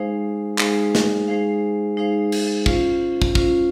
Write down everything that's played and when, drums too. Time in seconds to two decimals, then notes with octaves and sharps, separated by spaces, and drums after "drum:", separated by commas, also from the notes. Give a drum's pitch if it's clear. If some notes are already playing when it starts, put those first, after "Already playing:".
Already playing: G#3 D#4 G#4 C5 F5
0.58 G#3 D#4 G#4 C5 F5, drum: clap
0.95 drum: snare
1.27 G#3 D#4 G#4 C5 F5
1.97 G#3 D#4 G#4 C5 F5
2.32 drum: cymbal
2.66 C#4 F4 C5 F5, drum: kick
3.22 drum: kick
3.35 C#4 F4 C5 F5, drum: kick